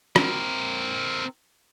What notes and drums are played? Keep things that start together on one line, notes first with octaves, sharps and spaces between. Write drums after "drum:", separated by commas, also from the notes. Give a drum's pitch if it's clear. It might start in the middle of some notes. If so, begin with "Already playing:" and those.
C4 A#4, drum: rim click